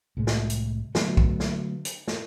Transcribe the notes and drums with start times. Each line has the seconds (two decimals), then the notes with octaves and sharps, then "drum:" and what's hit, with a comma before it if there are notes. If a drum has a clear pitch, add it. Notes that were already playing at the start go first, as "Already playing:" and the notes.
0.17 C2 A2 G#3
0.27 drum: snare
0.50 drum: hi-hat
0.95 D3 F#3 A3 B3, drum: snare
1.17 drum: kick
1.40 drum: snare
1.85 drum: hi-hat
2.08 drum: snare